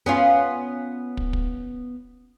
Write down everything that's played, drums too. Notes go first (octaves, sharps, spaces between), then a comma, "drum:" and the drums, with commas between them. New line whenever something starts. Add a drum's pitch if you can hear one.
B3 C#4 F4
drum: kick
drum: kick